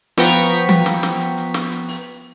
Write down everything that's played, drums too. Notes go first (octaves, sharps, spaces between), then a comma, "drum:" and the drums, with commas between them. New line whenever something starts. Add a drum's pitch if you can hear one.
F3 B3 G5 A#5 C#6 B6, drum: snare
drum: hi-hat
drum: tom E3
drum: snare
drum: snare
drum: hi-hat
drum: hi-hat
drum: snare
drum: hi-hat
drum: open hi-hat